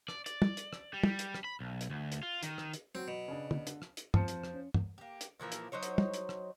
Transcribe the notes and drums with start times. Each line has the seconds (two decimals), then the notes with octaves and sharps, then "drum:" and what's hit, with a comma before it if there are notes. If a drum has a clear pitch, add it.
0.08 D5, drum: rim click
0.26 D5, drum: hi-hat
0.42 drum: tom
0.57 drum: hi-hat
0.73 drum: rim click
0.94 G3
1.04 drum: tom
1.19 drum: hi-hat
1.34 drum: rim click
1.44 B5
1.60 B1
1.81 drum: hi-hat
1.90 D2
2.12 drum: hi-hat
2.23 F4
2.43 D#3, drum: hi-hat
2.58 drum: rim click
2.74 drum: hi-hat
2.95 F#3 C4
3.08 B2
3.28 C#3 D4
3.51 drum: tom
3.67 D3, drum: hi-hat
3.82 drum: rim click
3.97 drum: hi-hat
4.14 F2 F3 C5 C#7, drum: tom
4.28 drum: hi-hat
4.44 drum: rim click
4.53 C#4
4.74 drum: tom
4.98 A#3 G4
5.21 drum: hi-hat
5.40 A#2 E3 F3 A#3
5.52 drum: hi-hat
5.72 F#3 D#4 C5 C#5
5.83 drum: hi-hat
5.98 drum: tom
6.14 drum: hi-hat
6.29 drum: rim click